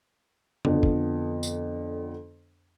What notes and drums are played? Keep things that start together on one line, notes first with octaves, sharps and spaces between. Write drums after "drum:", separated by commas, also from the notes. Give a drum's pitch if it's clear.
F2 D3 B3 D4, drum: tom C#3
drum: kick
drum: tambourine